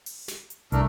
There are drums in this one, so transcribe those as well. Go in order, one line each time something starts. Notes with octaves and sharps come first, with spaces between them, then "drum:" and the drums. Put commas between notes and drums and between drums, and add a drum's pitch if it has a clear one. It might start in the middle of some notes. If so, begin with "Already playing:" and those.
drum: open hi-hat
drum: snare
drum: hi-hat
C2 A3 D4 A#4, drum: hi-hat